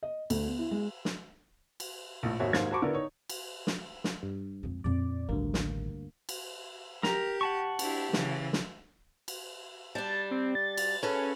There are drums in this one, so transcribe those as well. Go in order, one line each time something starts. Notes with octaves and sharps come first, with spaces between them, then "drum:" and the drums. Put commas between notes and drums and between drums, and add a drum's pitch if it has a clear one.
D#5
D2, drum: cymbal
B3
E4
G#3
drum: snare
drum: cymbal
A#1 A2
G#1 D#2 F#4 C5 C#5 E5
D#2 G#2 C5 F5 G#6, drum: snare
F#4 C5 A5 B5 C#6 D6
D3 B3 E4 A#4 D5
D#4 C#5
drum: cymbal
drum: snare
drum: snare
G2
F2 G#3
F2 A#2 D5
A1 D2 G2 D#3 A#3
drum: snare
drum: cymbal
G4 A#4 A#5, drum: snare
F#5 A5 C#6
D4 E4 G4, drum: cymbal
C#3 E3, drum: snare
drum: snare
drum: cymbal
G3 D4 A5
C4
A6
drum: cymbal
C#4 G#4 A4 B4